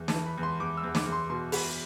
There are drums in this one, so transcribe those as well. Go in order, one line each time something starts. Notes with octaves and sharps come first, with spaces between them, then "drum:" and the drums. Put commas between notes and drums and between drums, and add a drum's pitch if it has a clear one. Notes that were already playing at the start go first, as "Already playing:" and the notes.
Already playing: E2
A5, drum: snare
E3
B5
E2
C6
E2 D6
E6
E2
D6, drum: snare
E2
C6
B2 C6
B2 B5, drum: open hi-hat